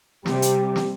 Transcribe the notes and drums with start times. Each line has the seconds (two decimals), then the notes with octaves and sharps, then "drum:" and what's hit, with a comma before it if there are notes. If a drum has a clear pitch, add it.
0.26 C3 G3 G4, drum: snare
0.42 drum: hi-hat
0.76 drum: snare